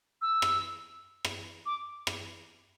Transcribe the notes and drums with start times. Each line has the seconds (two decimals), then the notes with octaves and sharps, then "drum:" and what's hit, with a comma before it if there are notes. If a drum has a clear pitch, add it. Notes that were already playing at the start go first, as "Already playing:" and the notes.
0.22 E6
0.42 drum: rim click
1.25 drum: rim click
1.66 D6
2.07 drum: rim click